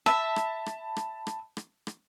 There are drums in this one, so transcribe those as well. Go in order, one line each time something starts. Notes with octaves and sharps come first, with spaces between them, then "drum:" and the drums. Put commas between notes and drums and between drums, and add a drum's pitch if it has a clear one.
E5 A5 B5, drum: rim click
drum: rim click
drum: rim click
drum: rim click
drum: rim click
drum: rim click
drum: rim click